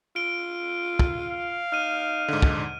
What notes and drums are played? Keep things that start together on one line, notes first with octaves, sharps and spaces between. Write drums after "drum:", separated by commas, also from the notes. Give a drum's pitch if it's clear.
F4 D7 G7
drum: kick
F5
D#4 F6 D#7
G#2 D3
drum: kick